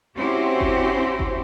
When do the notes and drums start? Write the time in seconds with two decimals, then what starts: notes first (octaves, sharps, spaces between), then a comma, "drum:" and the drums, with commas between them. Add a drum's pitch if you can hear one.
0.17 C4 C#4 E4 F#4 G4 C5
0.61 drum: kick G1
1.19 drum: kick G1